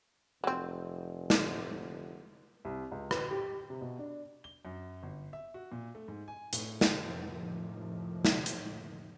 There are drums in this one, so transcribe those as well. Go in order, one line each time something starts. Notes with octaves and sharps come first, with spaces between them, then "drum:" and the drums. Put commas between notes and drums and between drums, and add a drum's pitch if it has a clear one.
F1 F#3 C4
drum: snare
C2
C#2
B4, drum: rim click
G4
C3
B2
D4
G7
F#2
G1
E5
F#4
A#2
A3
G#2
G#5
A2, drum: hi-hat
drum: snare
F2 A2 C3 D#3 F3
drum: snare
drum: hi-hat